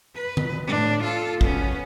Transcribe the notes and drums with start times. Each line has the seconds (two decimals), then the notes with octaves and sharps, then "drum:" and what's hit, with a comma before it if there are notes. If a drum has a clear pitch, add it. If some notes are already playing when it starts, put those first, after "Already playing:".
0.16 B4
0.37 drum: tom D3
0.67 A2 D4
1.03 F4 A4
1.41 B3 C#4, drum: kick